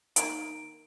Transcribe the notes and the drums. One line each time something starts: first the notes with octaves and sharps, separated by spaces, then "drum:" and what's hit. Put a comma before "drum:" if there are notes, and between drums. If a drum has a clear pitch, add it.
D#3 G#3 A#3 D7, drum: hi-hat